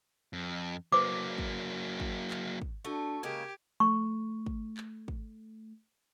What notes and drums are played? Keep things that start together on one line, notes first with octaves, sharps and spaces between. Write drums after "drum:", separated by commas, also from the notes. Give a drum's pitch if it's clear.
F2
F#3 A#3 B4 C5 D6
drum: kick
drum: kick
drum: clap
drum: kick
A3 D4 F#4 A4 C#6
C#3 G#3 A#3 G4 A#4 G#6
A3 C#6
drum: kick
drum: clap
drum: kick